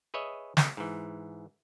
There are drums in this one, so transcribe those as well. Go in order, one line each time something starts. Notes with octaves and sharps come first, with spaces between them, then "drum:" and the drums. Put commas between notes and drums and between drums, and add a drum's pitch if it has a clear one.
G#4 B4 C#5 D#5 E5
drum: snare
G#2 E3